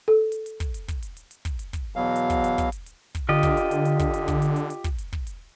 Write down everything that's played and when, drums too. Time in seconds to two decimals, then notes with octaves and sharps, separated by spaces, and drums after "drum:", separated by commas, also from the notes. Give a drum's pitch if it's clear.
0.08 A4
0.32 drum: hi-hat
0.46 drum: hi-hat
0.60 drum: kick, hi-hat
0.74 drum: hi-hat
0.88 drum: kick, hi-hat
1.03 drum: hi-hat
1.17 drum: hi-hat
1.31 drum: hi-hat
1.45 drum: kick, hi-hat
1.59 drum: hi-hat
1.73 drum: kick, hi-hat
1.96 E2 B2 F#3 F5
2.16 drum: hi-hat
2.30 drum: kick, hi-hat
2.44 drum: hi-hat
2.58 drum: kick, hi-hat
2.72 drum: hi-hat
2.86 drum: hi-hat
3.15 drum: kick, hi-hat
3.29 D3 F4 G4 D#5
3.43 drum: kick, hi-hat
3.57 drum: hi-hat
3.71 drum: hi-hat
3.85 drum: hi-hat
3.99 drum: kick, hi-hat
4.14 drum: hi-hat
4.28 drum: kick, hi-hat
4.42 drum: hi-hat
4.56 drum: hi-hat
4.70 drum: hi-hat
4.84 drum: kick, hi-hat
4.98 drum: hi-hat
5.13 drum: kick
5.27 drum: hi-hat